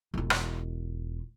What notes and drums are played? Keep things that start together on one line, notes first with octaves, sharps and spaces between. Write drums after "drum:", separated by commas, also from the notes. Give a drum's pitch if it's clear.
E1 F4
drum: rim click